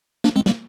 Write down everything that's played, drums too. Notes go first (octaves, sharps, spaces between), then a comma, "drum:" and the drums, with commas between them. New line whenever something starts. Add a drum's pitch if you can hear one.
A#3 D4, drum: snare
G#3 C4
G3 A#3, drum: snare